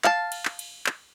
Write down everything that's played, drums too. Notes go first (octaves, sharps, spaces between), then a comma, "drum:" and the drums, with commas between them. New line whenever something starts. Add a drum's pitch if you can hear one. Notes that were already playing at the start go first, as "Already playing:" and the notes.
F5 A5, drum: clap
drum: cymbal
drum: clap
drum: cymbal
drum: clap